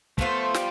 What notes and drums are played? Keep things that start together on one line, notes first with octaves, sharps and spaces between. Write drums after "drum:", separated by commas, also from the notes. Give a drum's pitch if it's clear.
F3 A3 B3 F4 C5, drum: kick
G3, drum: snare